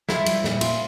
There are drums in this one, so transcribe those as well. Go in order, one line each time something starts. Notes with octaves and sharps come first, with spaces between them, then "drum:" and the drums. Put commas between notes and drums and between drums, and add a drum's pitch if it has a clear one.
E4 F4, drum: snare
G3, drum: cymbal
A#2, drum: snare
F4, drum: cymbal